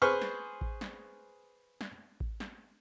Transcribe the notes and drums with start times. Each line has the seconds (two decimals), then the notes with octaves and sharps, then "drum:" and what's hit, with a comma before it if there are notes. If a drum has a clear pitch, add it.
0.02 G#4 B4 C5 C#6 F6
0.22 drum: snare
0.61 drum: kick A1
0.81 drum: snare
1.81 drum: snare
2.20 drum: kick A1
2.40 drum: snare